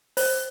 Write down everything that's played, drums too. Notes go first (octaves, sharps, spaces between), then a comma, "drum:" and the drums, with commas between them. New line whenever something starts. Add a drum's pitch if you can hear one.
C5, drum: open hi-hat